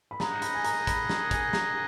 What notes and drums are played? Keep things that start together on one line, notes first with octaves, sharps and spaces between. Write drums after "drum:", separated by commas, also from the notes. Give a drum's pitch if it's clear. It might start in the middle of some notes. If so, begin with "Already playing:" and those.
B5
D#4 G#4 D#5 F#5 A#5, drum: snare
B5, drum: hi-hat
G#5
A#5, drum: hi-hat
B5, drum: kick, hi-hat
A#5, drum: snare
G#5, drum: kick, hi-hat
A#5, drum: snare